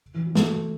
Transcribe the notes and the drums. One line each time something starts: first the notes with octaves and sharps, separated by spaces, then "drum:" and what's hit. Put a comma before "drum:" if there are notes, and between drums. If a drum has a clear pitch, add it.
E3
F#3
A3, drum: snare